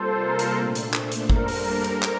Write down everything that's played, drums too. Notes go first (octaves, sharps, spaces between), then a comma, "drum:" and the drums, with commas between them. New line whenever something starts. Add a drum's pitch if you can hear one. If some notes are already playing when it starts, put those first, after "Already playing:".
Already playing: C3 G3 A#3 F4 A4 C5
A#4
drum: hi-hat
A#2 A3 D4 A4 C5
drum: hi-hat
drum: clap
drum: hi-hat
G3 A#3 D4 A4 A#4 C5, drum: kick G#1
drum: open hi-hat
drum: hi-hat
drum: clap